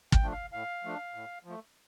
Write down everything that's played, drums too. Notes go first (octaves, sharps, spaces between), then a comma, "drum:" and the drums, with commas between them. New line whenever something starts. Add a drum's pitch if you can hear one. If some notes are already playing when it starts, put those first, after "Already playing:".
G5, drum: kick
F3 A3 D4
F5
A2 F5
F3 A3 D4
A2
F3
A3